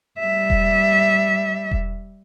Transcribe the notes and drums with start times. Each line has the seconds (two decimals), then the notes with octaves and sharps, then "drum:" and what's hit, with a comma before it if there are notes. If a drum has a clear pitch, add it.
0.19 G3 E5
0.50 drum: kick E1
1.71 drum: kick E1